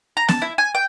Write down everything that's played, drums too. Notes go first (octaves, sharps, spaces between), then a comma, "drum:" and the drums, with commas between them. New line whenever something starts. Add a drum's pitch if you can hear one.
A#5
A5, drum: snare B3
E4
G#5
G5